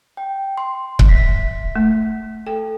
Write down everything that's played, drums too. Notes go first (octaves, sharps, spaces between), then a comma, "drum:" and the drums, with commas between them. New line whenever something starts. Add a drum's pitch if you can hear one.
G5
C6
drum: kick C#1
E5 B6
A3
A4 G5